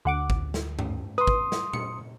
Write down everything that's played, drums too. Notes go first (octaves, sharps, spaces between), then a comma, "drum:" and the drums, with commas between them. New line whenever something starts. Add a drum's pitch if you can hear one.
D2 D3 F#5 D6
drum: kick
drum: snare
drum: tom G2
B4 C6 D#6
drum: kick
drum: snare
C#7, drum: tom A#2